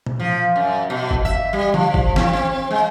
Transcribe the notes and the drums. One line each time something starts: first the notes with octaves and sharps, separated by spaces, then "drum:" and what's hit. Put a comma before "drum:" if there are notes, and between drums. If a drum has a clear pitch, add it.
drum: tom A#2
F3
F#2
B2
drum: kick G1
E5
G3
F3, drum: tom D3
drum: kick G1
C4, drum: snare
C4
G#3